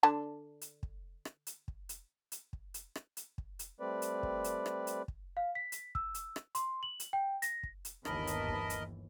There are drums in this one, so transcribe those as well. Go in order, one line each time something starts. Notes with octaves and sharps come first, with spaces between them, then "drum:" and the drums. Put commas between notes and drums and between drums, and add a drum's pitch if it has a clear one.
D3 D4 A5
drum: hi-hat
drum: kick
drum: rim click
drum: hi-hat
drum: kick
drum: hi-hat
drum: hi-hat
drum: kick
drum: hi-hat
drum: rim click
drum: hi-hat
drum: kick
drum: hi-hat
G3 A3 C4 B4 D5
drum: hi-hat
drum: kick
drum: hi-hat
drum: rim click
drum: hi-hat
drum: kick
F5
B6
drum: hi-hat
E6, drum: kick
drum: hi-hat
drum: rim click
C6, drum: hi-hat
F#7
drum: hi-hat
G5
A#6, drum: hi-hat
drum: kick
drum: hi-hat
G1 D#2 E3 A#4 D#5 A5 B5, drum: rim click
drum: hi-hat
drum: kick
drum: hi-hat